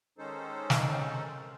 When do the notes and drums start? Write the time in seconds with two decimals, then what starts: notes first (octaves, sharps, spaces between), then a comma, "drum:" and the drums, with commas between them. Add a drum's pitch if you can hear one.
0.18 D#3 G#3 C#4 D#4 A4 C5
0.70 drum: snare